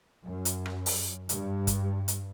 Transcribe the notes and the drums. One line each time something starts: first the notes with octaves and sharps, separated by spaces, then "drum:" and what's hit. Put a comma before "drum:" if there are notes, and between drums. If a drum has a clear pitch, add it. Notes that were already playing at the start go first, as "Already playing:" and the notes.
F#2
drum: hi-hat
drum: rim click
drum: open hi-hat
G2, drum: hi-hat
drum: kick, hi-hat
drum: hi-hat